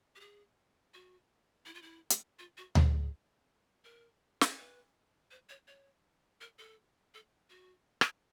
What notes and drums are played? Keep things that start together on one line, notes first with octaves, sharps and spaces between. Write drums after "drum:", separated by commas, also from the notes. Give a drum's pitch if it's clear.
G4
G#4
F#4
E4
F4
E4
drum: hi-hat
F4
F#4
G#4, drum: tom D2
A#4
drum: snare
B4
C5
C#5
C#5
A#4
A4
A4
F#4
drum: rim click